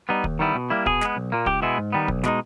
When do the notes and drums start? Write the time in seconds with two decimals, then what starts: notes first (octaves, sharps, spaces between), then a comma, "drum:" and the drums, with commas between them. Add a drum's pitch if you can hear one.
0.09 G3 B3 D#4
0.24 D#2, drum: kick
0.39 D#3 G3 B3 E4
0.55 B2
0.70 G3 A#3 E4
0.86 B2 G#4, drum: kick
1.01 G#3 B3, drum: snare
1.17 B1
1.32 A#2 A#3
1.46 C#2 G4, drum: kick
1.62 B2 G#3 B3 E4
1.78 G#2
1.93 D#3 G3 B3
2.08 B1, drum: kick
2.24 B2 G#3 D#4, drum: snare